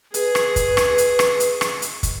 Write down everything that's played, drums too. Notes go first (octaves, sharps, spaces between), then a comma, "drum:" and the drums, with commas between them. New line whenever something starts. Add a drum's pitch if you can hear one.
G#4 B4, drum: hi-hat
drum: rim click
drum: kick, hi-hat
drum: rim click
drum: hi-hat
drum: rim click
drum: hi-hat
drum: rim click
drum: hi-hat
drum: kick, hi-hat